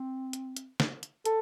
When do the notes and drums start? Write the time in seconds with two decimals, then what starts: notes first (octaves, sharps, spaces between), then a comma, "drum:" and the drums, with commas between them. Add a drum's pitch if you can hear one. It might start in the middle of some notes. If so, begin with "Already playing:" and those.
Already playing: C4
0.33 drum: hi-hat
0.57 drum: hi-hat
0.80 drum: snare
1.03 drum: hi-hat
1.25 A4, drum: hi-hat